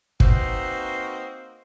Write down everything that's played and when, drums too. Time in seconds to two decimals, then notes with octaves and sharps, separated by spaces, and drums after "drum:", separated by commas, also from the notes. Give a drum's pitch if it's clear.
0.20 A#3 C4 D#4 F#4 B4 C5, drum: kick